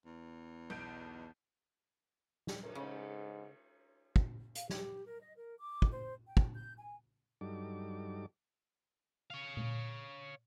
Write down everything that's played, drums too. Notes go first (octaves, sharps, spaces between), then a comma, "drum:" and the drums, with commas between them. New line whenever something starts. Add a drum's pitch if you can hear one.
E2
B1 G6 D7
drum: snare
drum: cymbal
G#2 C#3
drum: kick
F5, drum: hi-hat
G4, drum: snare
A#4
D#5
A#4
D6
drum: kick
C5
G5
drum: kick
G6
G#5
G2 F#3 G3 D#4 A4 D6
C#5 F5
drum: tom A#2